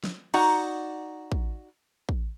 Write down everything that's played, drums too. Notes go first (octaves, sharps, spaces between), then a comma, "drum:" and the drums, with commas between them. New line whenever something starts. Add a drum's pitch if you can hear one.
drum: snare
D#4 F#4 D5 F#5 A#5, drum: cymbal
drum: kick
drum: kick